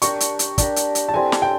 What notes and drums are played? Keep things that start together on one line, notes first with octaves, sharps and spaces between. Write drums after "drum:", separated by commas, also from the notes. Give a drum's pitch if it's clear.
D4 G4 A#4 C#6, drum: hi-hat
drum: hi-hat
drum: hi-hat
D4 G4 A#4, drum: kick, hi-hat
drum: hi-hat
drum: hi-hat
A5
G3 C4 E4 A4 G#5
drum: snare
G5